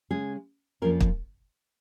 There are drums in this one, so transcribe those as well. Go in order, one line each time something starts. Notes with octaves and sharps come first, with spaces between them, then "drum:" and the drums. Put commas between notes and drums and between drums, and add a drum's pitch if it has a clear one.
C#3 G#3 C#4 G#4
F2 F3 A#3 C#4 A#4
drum: kick